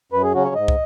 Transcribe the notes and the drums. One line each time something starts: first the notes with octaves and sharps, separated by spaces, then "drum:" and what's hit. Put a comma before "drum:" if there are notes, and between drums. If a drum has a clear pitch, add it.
F#2 B4
G#4
C#3 F#3 C#4 F#4
C#5
G#2 D#5
drum: kick